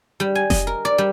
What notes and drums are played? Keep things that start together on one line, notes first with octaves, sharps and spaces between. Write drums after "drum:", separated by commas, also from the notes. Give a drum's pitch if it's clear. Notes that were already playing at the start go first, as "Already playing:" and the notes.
G3
G#5
D#5, drum: snare F1
A#4
D5
G3